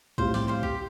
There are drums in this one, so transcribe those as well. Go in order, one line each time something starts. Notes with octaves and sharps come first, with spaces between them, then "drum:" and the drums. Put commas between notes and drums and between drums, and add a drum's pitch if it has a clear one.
A2 G3 C4 C5 F5, drum: kick
D5 G5, drum: snare
C5 F5
G4, drum: kick